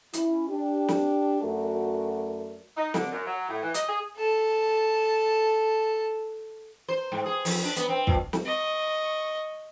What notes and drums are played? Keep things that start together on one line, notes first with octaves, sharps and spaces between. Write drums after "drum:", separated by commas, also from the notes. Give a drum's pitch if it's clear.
C#4 E4, drum: hi-hat
D4 G4
drum: snare
F#2 A3 C#4 F#4 A#4 D5
D#4
D3, drum: snare
F#2
F#3
A2
E3
D#5, drum: hi-hat
G#4
A4 A5
C5
G#2
G#4
F2, drum: open hi-hat
D4
B3, drum: hi-hat
C4
A#2, drum: kick
drum: snare
D#5 C#6